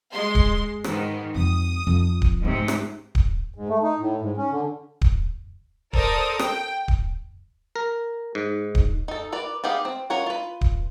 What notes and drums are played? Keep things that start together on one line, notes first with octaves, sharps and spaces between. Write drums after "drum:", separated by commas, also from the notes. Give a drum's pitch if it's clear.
G#3 C6
drum: kick D1
G#2 D#3 B3, drum: rim click
F2 C4 D#6
F2
drum: kick D1
G#2 C3 G#3 A3
drum: rim click
drum: kick D1
G#2
A3
D#4
A2
G#2
C#4
D3
drum: kick D1
A4 A#4 C5 D5 D#6, drum: kick D1
G5, drum: rim click
drum: kick D1
A#4
G#2
drum: kick D1
D#4 A4
A#4 B4 D5
B3 D#4 G4 G#4 F5
C4
C#4 F4 A#4 C#5 F#5
F4 B4
drum: kick D1